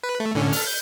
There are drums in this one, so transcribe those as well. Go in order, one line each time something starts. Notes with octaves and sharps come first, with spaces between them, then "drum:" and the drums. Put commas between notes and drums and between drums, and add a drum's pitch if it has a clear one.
B4
A3
A2 D3 C#4
A4 F6, drum: open hi-hat
G6